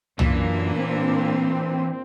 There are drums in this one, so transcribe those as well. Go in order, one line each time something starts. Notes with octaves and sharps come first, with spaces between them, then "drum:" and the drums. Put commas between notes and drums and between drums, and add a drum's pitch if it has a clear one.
F#2 A#2 E3 A#3 D4, drum: tom C2
C4